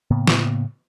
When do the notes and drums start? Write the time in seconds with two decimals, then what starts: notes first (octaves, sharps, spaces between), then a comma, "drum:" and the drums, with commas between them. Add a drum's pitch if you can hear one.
0.11 A2 C#3 A#3 B3
0.27 drum: snare